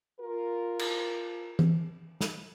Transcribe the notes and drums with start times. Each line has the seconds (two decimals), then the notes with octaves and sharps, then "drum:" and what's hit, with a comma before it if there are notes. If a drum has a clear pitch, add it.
0.20 F4 A#4
0.79 drum: cymbal
1.59 drum: tom E3
2.21 drum: snare